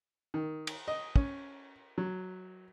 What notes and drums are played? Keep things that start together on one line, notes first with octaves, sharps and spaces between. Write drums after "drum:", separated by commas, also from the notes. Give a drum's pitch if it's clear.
D#3
drum: cymbal
D#5
C#4, drum: kick
F#3